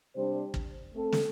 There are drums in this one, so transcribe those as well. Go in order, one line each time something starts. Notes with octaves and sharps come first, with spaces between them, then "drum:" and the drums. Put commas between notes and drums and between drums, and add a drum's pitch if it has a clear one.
C3 G3 D4 C5
drum: kick
A3 C4 A4
drum: snare